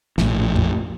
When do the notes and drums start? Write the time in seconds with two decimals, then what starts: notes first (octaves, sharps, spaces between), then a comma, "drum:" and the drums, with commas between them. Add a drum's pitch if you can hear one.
0.18 A#1 A2, drum: snare
0.56 drum: tom F2